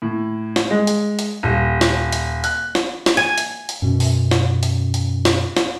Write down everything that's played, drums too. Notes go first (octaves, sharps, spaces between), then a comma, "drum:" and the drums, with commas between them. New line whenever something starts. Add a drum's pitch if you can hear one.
A2
drum: snare
G#3
drum: hi-hat
drum: hi-hat
D#1
drum: snare
drum: hi-hat
F#6, drum: hi-hat
drum: snare
drum: snare
G#5
drum: hi-hat
drum: hi-hat
F#2 B2 C#4
drum: open hi-hat
drum: snare
drum: hi-hat
drum: hi-hat
drum: snare
drum: snare